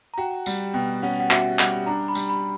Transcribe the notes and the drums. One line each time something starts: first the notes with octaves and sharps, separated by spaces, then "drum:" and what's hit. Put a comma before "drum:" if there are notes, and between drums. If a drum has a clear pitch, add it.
A#5
F#4 G5
G3 F#5, drum: tambourine
B2 G5
C#4 F#5
F#5
F#4 E5, drum: clap
G3 F#5, drum: clap
D4 A#5
B5
G3, drum: tambourine
B5